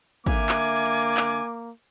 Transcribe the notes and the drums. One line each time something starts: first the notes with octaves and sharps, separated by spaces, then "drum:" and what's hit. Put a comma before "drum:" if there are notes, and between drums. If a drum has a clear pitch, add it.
D3 A#3 E5 F5 G#5 D6, drum: kick
drum: clap
drum: clap